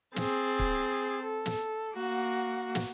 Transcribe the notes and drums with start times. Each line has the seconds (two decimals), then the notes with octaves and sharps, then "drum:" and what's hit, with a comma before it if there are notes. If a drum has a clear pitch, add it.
0.16 C4 G#4 A6, drum: snare
0.59 drum: kick C#1
1.23 A4
1.46 drum: snare
1.95 A#3 F#4 F#5
2.75 drum: snare